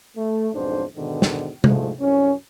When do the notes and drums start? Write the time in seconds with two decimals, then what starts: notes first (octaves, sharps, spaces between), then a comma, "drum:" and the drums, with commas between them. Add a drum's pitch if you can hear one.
0.17 A3
0.53 B1 F2 G#2 D4 C5
0.96 G#2 B2 D3 D#3
1.22 drum: snare
1.64 D2 G#2 F3 G#3 A3, drum: tom C3
2.00 C2 F#2 C#4